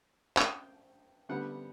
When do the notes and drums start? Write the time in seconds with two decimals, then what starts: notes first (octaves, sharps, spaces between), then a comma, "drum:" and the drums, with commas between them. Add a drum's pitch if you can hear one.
0.37 G5, drum: clap
1.29 D3 G3 B3 F#5